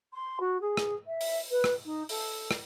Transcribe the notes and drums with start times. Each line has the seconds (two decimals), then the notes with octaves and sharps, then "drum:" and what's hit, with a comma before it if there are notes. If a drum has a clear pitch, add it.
0.12 C6
0.40 F#4
0.60 G#4
0.77 drum: rim click
1.06 E5
1.21 drum: open hi-hat
1.50 B4
1.64 drum: rim click
1.85 D#4
2.09 A4, drum: open hi-hat
2.51 drum: rim click